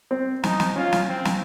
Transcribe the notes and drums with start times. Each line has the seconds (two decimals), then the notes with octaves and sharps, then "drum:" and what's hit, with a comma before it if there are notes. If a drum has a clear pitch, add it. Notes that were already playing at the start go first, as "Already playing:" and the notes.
0.11 C4
0.44 D#4, drum: snare
0.60 drum: snare
0.76 C#4 F4
0.92 drum: snare
1.08 C4
1.25 drum: snare